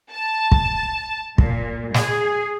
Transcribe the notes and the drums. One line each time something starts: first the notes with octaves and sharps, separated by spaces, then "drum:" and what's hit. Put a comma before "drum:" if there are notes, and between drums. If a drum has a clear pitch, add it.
A5
drum: kick
A#2, drum: kick
G#4, drum: snare